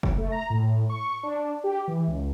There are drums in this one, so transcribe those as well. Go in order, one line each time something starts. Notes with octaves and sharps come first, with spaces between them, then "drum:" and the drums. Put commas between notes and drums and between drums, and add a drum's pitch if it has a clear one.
drum: kick
A3
A#5
A2
C#6
D4
G4
E3
C#2